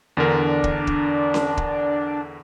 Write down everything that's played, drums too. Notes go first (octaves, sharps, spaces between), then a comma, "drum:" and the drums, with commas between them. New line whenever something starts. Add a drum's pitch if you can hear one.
E2 D3 D4 A#4
drum: kick
drum: kick
drum: snare C#4
drum: kick